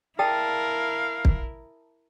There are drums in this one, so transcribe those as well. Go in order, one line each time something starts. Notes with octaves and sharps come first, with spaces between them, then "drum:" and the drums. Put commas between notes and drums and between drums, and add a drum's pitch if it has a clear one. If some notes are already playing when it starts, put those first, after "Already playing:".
E4 G#4 A#4 D5 F5 G5 A5 D#6
drum: kick